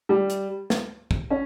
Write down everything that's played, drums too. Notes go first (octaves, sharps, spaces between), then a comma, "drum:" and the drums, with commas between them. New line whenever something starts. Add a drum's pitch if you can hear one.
G3
drum: hi-hat
drum: snare
drum: kick
C#4